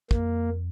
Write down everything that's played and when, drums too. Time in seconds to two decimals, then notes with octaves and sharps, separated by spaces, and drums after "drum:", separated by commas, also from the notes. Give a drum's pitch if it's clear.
0.11 F2 A#3, drum: kick